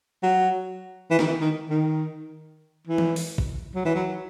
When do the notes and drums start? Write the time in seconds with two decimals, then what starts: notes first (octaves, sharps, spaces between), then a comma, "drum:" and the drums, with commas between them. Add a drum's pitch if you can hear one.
0.23 F#3
1.11 E3
1.19 D#3, drum: snare
1.26 E3
1.41 D#3
1.70 D#3
2.87 E3
2.98 drum: tom E3
3.16 drum: open hi-hat
3.38 drum: kick
3.75 F#3
3.85 E3
3.95 F#3